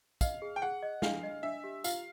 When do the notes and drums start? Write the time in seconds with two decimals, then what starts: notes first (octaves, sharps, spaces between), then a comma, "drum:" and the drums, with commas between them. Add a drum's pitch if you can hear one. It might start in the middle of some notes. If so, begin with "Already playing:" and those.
0.21 D#5 F5, drum: kick, tambourine
0.42 G#4
0.56 G5
0.62 G#4 F#5
0.82 D#5
1.02 D4 F5, drum: snare
1.23 D#5
1.43 D4 E5
1.64 G4
1.84 F4 F5, drum: tambourine